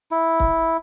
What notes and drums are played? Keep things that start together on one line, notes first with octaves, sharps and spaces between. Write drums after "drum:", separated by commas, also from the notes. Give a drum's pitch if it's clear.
E4
drum: kick